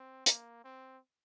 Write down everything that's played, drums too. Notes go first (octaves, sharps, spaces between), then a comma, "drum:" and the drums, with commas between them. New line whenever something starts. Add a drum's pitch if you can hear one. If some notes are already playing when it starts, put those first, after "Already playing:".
Already playing: C4
A#3, drum: hi-hat
C4